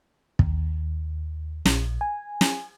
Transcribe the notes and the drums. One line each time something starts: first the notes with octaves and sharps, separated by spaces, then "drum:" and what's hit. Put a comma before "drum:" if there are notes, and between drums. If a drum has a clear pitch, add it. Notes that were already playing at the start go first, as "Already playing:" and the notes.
D#2, drum: kick
A#1, drum: snare
G#5
drum: snare